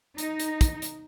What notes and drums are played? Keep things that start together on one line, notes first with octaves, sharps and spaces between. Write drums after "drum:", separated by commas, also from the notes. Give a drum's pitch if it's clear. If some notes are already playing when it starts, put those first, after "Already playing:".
D#4, drum: hi-hat
drum: hi-hat
drum: kick, hi-hat
drum: hi-hat